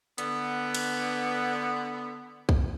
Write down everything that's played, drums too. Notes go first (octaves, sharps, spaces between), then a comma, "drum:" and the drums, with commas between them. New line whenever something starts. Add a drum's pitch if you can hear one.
D3 B3, drum: hi-hat
drum: cymbal
drum: kick